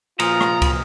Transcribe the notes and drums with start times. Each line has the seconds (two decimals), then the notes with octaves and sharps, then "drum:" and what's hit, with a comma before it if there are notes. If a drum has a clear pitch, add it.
0.20 A#2 F3 F4 A#5 D#6 F6, drum: cymbal
0.41 drum: rim click
0.62 drum: kick, cymbal